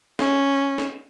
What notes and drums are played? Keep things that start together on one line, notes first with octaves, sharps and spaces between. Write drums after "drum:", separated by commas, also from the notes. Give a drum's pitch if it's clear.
C#4, drum: snare
drum: snare